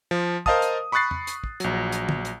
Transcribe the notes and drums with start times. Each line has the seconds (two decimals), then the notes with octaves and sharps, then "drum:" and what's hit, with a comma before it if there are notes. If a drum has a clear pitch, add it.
0.11 F3
0.46 A#4 C5 D#5 F5 A5 D#6, drum: kick
0.62 drum: hi-hat
0.92 B5 C#6 D#6 F#6 A6 C7
1.11 drum: tom E2
1.27 drum: hi-hat
1.44 drum: kick
1.60 A#1 F#3, drum: hi-hat
1.92 drum: hi-hat
2.09 drum: tom
2.25 drum: hi-hat